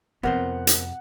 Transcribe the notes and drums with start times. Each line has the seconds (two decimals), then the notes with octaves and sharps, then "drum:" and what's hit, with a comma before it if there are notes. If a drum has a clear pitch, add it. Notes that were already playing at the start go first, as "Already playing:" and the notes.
0.23 F2 C3 B3 A#4 C5 F#5
0.67 drum: hi-hat